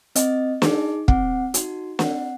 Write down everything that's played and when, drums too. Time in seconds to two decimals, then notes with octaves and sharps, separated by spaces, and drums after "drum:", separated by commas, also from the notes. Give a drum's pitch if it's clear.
0.15 C4 D#5, drum: hi-hat
0.62 D#4 G#4, drum: snare
1.08 C4 F#5, drum: kick
1.54 D#4 F#4, drum: hi-hat
1.99 C4 F#5, drum: snare